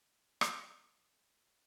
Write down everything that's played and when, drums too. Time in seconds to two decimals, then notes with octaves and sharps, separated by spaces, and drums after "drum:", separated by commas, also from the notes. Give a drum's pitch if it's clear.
0.41 drum: rim click
0.60 B3
0.90 D#3
1.29 E4 G#4